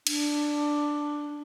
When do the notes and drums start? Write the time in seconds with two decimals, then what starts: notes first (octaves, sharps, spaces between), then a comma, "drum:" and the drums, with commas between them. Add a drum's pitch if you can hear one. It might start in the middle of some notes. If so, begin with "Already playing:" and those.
0.07 D4, drum: cymbal